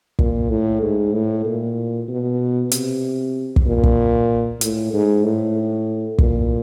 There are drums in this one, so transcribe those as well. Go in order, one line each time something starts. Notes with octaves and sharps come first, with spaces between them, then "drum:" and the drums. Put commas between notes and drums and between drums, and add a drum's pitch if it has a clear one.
A#2, drum: kick
A2
G#2
A2
A#2
B2
C3, drum: hi-hat
drum: kick
A#2
drum: kick
A2, drum: hi-hat
G#2
A2
A#2, drum: kick